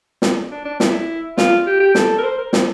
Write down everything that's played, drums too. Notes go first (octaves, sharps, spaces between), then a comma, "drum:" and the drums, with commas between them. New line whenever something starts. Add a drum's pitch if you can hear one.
drum: snare
D4
D4
E4, drum: snare
F4, drum: snare
G4
G4
A4, drum: snare
A#4
C5
A#4
C4, drum: snare